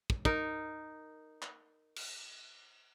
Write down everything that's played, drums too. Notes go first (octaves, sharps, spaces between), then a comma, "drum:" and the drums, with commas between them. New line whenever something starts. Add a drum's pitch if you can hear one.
drum: kick
D#4 A#4, drum: kick
drum: clap
drum: cymbal